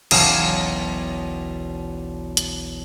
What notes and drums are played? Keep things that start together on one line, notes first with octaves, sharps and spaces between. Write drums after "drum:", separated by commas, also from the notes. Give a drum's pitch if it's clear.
E1 B1 C#4 F5 D#6 E7, drum: cymbal
drum: hi-hat